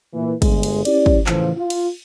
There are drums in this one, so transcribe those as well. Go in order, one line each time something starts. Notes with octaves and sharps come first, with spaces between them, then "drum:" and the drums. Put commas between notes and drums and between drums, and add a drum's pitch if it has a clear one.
A#2 E3
G1 G#3, drum: kick, cymbal
drum: cymbal
C#4 E4 G4 D5, drum: cymbal
drum: kick
A2 C#3 E3 F3, drum: clap
F4
drum: cymbal